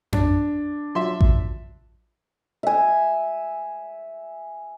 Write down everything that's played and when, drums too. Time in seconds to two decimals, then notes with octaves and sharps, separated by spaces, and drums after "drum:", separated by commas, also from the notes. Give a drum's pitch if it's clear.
0.13 D4, drum: tom F2
0.95 F#3 F4 E5 C6
1.21 drum: kick A1
2.63 E5 G#5